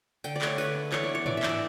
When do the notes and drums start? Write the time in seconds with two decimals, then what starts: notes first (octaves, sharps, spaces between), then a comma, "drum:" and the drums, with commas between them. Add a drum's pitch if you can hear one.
0.24 D3 G5, drum: tambourine
0.36 D5
0.41 A3, drum: clap
0.47 C#5
0.58 D3 B4, drum: tambourine
0.75 D4
0.92 E3 C#5, drum: clap
1.04 D5
1.09 B3
1.15 C#5
1.26 E3 D5, drum: tom G#2
1.37 E5
1.43 D4, drum: clap
1.49 D5